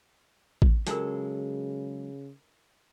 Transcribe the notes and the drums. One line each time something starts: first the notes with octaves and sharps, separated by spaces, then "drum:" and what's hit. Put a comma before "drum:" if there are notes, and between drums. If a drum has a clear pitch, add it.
drum: kick A1
C#3 F#3 G#3 D4 F4 A4 A#4, drum: hi-hat